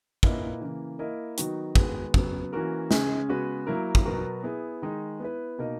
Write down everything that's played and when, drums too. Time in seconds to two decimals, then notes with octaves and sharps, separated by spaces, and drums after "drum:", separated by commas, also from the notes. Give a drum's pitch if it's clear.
0.23 A#2 A#3 E4 B4 D#5, drum: kick
0.61 C#3 E3 A#3
0.99 A#3 E4 A#4 D#5
1.38 D#3 F#3 B3 D#4 F#4, drum: hi-hat
1.75 D#3 G#3 B3 F#4, drum: kick
2.14 C#3 F#3 B3, drum: kick
2.53 E3 A#3 C#4 F#4 A#4
2.91 C#3 G#3 C#4 G#4, drum: snare
3.29 C#3 G#3 B3 F#4 B4
3.67 F#3 A#3 E4 A#4
3.95 drum: kick
4.05 B2 F#3 B3 F#4 A#4
4.43 B3 E4 G#4
4.82 D#3 G#3 D#4
5.20 B3 E4 B4
5.58 B2 A#3 D#4 A#4 D#5